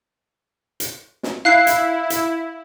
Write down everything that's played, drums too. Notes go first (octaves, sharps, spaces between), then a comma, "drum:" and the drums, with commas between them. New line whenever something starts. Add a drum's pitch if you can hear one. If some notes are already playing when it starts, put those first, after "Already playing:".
drum: hi-hat
drum: snare
E4 F5 F#6 C7
drum: hi-hat
drum: hi-hat